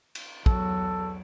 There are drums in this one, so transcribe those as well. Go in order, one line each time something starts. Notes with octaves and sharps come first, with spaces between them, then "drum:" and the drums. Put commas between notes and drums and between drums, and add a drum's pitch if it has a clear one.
drum: cymbal
E2 F#3 A4, drum: kick